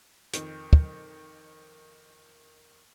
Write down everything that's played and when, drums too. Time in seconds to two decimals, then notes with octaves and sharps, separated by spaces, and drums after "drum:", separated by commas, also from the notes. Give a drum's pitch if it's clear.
0.33 F2 D#3, drum: hi-hat
0.73 drum: kick